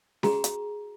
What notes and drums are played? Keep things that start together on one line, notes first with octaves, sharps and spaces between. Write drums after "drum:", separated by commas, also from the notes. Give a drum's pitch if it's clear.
F#4 G#4 A#5, drum: snare C#4
drum: hi-hat